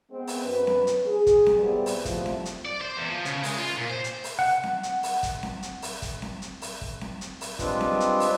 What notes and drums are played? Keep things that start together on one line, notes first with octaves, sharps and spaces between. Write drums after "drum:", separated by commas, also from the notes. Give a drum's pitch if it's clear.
G#3 B3 C4
drum: open hi-hat
F#2 B4
drum: snare C4
drum: hi-hat
G#4
drum: kick, hi-hat
drum: snare C4
A#2 E3 G3 B3 C4 D5
drum: open hi-hat
F2 C3 F3 A3 E4, drum: kick, hi-hat
drum: snare C4
drum: hi-hat
D5
C5
E2
F3
C#3, drum: hi-hat
G#3, drum: open hi-hat
F4
A#2
C5
drum: hi-hat
drum: open hi-hat
F#5
drum: snare C4
drum: hi-hat
drum: open hi-hat
drum: kick, hi-hat
drum: snare C4
drum: hi-hat
drum: open hi-hat
drum: kick, hi-hat
drum: snare C4
drum: hi-hat
drum: open hi-hat
drum: kick
drum: snare C4
drum: hi-hat
drum: open hi-hat
G3 G#3 C4 D4 F4 B4, drum: kick, hi-hat
drum: snare C4
drum: hi-hat
drum: open hi-hat